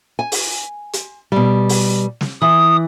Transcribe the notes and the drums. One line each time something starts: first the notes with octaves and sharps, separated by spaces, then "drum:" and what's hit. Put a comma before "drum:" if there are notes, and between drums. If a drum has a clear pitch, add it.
G#5
drum: open hi-hat
drum: hi-hat
B2 G3
drum: open hi-hat
drum: snare
E3 D#6